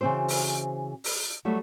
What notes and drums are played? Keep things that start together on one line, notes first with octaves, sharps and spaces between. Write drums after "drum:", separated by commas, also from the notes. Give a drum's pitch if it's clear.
C#3 E3 C4 F#4 C5
drum: open hi-hat
drum: open hi-hat
F#3 G3 A3 F#4